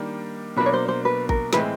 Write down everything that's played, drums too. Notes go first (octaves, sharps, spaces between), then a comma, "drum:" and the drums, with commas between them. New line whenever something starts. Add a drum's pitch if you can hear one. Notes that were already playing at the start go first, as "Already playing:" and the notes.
Already playing: D#3 G3 A#3 D4
B2 F#3 A#3 D4 B4
C#5
C5
C5
B4
A#4, drum: kick A1
A2 E3 G#3 C4 B4, drum: snare